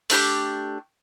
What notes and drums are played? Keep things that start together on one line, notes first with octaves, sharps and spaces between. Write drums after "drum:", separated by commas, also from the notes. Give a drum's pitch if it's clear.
A3 D4 G4 D6, drum: open hi-hat